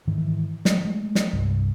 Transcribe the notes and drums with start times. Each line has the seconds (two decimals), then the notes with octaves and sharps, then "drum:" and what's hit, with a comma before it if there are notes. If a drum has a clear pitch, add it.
0.07 G#2 D#3 E3
0.65 F#3, drum: snare
0.85 G#3 A3
1.15 drum: snare
1.33 C2 G2